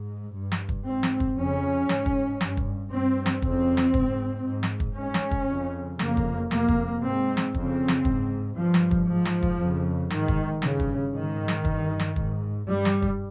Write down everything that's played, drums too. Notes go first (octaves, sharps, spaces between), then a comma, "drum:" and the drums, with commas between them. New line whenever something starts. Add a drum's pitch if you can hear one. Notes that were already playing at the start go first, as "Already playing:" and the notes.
Already playing: G#2
G2
drum: snare
drum: kick
G#2 C4
drum: snare
drum: kick
F2 C#3 C#4
G#2, drum: snare
drum: kick
G2, drum: snare
drum: kick
G2 C4
drum: snare
F2 C#3 C4, drum: kick
drum: snare
G#2, drum: kick
G#2
drum: snare
drum: kick
G#2 C#4
drum: snare
drum: kick
F2 C#3
F2 C#3 A#3, drum: snare
drum: kick
F2 C3 A#3, drum: snare
drum: kick
G#2 C4
drum: snare
F2 C#3 C4, drum: kick
drum: snare
G#2, drum: kick
G2 F3
drum: snare
drum: kick
G#2 F3
drum: snare
drum: kick
F2 C#3
G#2 D#3, drum: snare
drum: kick
G2 C#3, drum: snare
drum: kick
G#2 D#3
drum: snare
G2, drum: kick
drum: snare
G#2, drum: kick
G2 G3
drum: snare
drum: kick